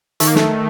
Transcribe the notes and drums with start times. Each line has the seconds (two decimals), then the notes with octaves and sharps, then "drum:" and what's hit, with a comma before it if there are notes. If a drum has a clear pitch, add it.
0.20 D#3 A3, drum: hi-hat
0.27 A#3
0.35 A3, drum: snare